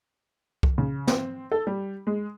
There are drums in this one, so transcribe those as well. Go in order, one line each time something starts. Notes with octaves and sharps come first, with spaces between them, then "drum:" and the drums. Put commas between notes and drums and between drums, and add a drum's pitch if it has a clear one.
drum: kick C2
C#3
C4, drum: snare
A4
G3
G#3